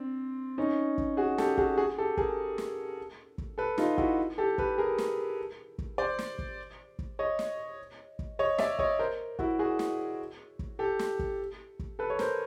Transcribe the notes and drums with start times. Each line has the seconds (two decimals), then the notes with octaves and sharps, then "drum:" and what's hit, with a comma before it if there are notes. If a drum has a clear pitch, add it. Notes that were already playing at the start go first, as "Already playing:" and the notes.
Already playing: C4 D4
0.58 C#4 D#4
0.98 drum: kick
1.17 F#4 G#4
1.38 G4 A4, drum: snare
1.57 F#4 G#4, drum: kick
1.77 F#4 G#4
1.98 G4 A4
2.17 G#4 A#4, drum: kick
2.58 drum: snare
3.38 drum: kick
3.58 A4 B4
3.78 D#4 F4, drum: snare
3.98 E4 F#4, drum: kick
4.38 G4 A4
4.58 A4 B4, drum: kick
4.78 G#4 A#4
4.98 drum: snare
5.78 drum: kick
5.98 C5 D5
6.19 drum: snare
6.39 drum: kick
6.99 drum: kick
7.19 C#5 D#5
7.39 drum: snare
8.19 drum: kick
8.39 C#5 D#5
8.58 D5 E5, drum: snare
8.79 C#5 D#5, drum: kick
8.99 A#4 C5
9.39 E4 F#4, drum: kick
9.59 F#4 G#4
9.79 drum: snare
10.59 drum: kick
10.79 G4 A4
10.99 drum: snare
11.19 drum: kick
11.79 drum: kick
11.99 A4 B4
12.10 C#5
12.19 A#4 C5, drum: snare